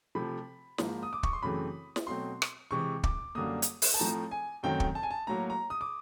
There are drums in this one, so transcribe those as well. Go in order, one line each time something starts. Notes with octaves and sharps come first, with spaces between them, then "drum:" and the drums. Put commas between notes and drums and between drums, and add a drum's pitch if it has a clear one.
C3 F3 A3 B5
G#2 F3 A#3, drum: snare
D#6
D6
C#6, drum: kick
C6
F#2 C#3 E3 A3 C4 B5
drum: snare
B2 F#3 A3 C4 C6
drum: rim click
C3 E3 G#3 C#6
D6, drum: kick
F#2 D3 G3 A#3 D#6
drum: hi-hat
drum: open hi-hat
A5
A2 F3 A3 C4 A#5
G#5
F#2 D#3 F#3 A3 C4 G5
drum: kick
A5
G#5
A5
A2 F#3 A#3 A#5
A#5
D#6
D6